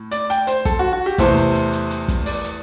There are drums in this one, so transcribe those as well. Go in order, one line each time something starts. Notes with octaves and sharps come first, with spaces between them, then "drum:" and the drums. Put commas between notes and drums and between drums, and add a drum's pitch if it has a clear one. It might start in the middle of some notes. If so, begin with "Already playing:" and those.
Already playing: A2
D5, drum: hi-hat
G5, drum: hi-hat
C5, drum: hi-hat
A4, drum: kick, hi-hat
F#4
F#4
G4
E2 C3 E3 A3 C5, drum: kick, hi-hat
drum: hi-hat
drum: hi-hat
drum: hi-hat
drum: hi-hat
drum: kick, hi-hat
D5, drum: open hi-hat
drum: hi-hat